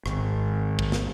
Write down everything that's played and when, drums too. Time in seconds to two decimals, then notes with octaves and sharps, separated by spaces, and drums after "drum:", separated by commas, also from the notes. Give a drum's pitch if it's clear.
0.06 G#1, drum: rim click
0.79 drum: kick
0.92 drum: snare